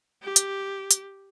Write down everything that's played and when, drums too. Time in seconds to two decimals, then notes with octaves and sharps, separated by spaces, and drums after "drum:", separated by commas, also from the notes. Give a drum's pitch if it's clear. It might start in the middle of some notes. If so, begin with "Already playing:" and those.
0.22 G4
0.36 drum: hi-hat
0.91 drum: hi-hat